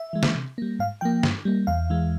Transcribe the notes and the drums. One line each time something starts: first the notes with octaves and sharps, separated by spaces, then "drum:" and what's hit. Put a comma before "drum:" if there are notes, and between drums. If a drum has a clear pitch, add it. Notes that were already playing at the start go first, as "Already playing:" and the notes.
Already playing: E5
E3 G#3
drum: snare
C3
G3 A#3
G#2 F5
F3 A#3 G5
G2, drum: snare
G3 A#3
E2 F5
E3 G#3